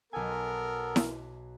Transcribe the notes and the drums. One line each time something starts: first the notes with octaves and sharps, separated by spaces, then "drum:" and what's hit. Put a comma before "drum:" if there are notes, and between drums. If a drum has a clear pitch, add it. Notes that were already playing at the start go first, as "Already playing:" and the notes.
B1 B3 A4 A#4 G#5
drum: snare E4